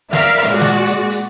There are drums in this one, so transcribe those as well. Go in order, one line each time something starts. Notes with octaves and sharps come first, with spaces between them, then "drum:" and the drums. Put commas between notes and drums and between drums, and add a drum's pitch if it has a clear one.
A#4 D5 E5 F5, drum: snare
drum: open hi-hat
A#2 G#3 F#4 D5
drum: snare
drum: hi-hat
drum: hi-hat